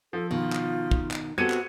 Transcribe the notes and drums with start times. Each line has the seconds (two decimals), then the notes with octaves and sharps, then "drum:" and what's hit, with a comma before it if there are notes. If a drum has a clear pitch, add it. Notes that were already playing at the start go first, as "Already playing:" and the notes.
0.13 F3 A4
0.31 B2 D#3 F4
0.52 drum: clap
0.91 drum: kick
1.11 drum: clap
1.38 B3 C4 F#4 G4 A4 G#6 C#7 D#7
1.50 drum: clap